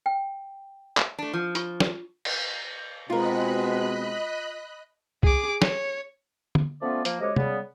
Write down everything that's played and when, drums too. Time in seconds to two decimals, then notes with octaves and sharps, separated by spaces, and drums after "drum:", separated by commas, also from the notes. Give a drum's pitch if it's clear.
0.06 G5
0.97 drum: clap
1.19 A3 D4
1.33 F3
1.55 F4 C#6, drum: hi-hat
1.80 drum: snare
2.25 drum: cymbal
3.10 B2 G#3 C4 F4 A#4 D#5 B5 F#6
5.23 G#4 D6, drum: kick C2
5.62 C#5, drum: snare
6.55 drum: tom
6.82 F3 A3 B3 C#4 F4 D5
7.05 F3 A#3, drum: hi-hat
7.21 D2 C3 G#3 C#5 D#5 D6
7.36 C#3 G3 B3, drum: tom